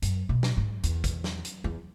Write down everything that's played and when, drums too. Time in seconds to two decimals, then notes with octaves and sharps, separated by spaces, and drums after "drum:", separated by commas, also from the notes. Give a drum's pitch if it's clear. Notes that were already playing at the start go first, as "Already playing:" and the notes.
0.02 F#2, drum: hi-hat
0.29 B2
0.43 drum: snare
0.57 G#2
0.83 E2, drum: hi-hat
1.04 drum: kick, hi-hat
1.24 drum: snare
1.45 drum: hi-hat
1.64 E2